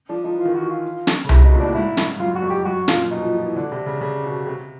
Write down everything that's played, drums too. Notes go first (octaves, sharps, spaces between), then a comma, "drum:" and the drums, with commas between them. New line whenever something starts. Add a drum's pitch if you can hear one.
F3 D4
F3 D#4
E3
F4
D#3
E3 F#4
F4
drum: snare
C#3
C3 E4, drum: tom C2
B2
D#4
A#2
A2 D4
G#2 E4
G2, drum: snare
F#2 F4
F#4
F2
G4
F#2 F#4
A#2 F4, drum: snare
B2 D#4
F3
F3
E3
D3 D4
C3
C#3
C#3
B2
C3